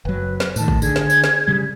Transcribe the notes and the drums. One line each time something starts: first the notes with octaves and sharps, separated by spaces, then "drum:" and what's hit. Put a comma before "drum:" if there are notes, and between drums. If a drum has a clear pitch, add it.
F#1 F#3 B4
drum: snare
A2 D#3 A5, drum: tambourine
drum: kick
D3 G#4 G#6, drum: tambourine
drum: snare
drum: tambourine
drum: snare
C#3 G3